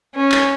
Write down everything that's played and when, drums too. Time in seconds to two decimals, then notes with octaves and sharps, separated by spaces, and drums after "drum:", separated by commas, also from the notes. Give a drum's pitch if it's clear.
0.15 C#4
0.32 drum: clap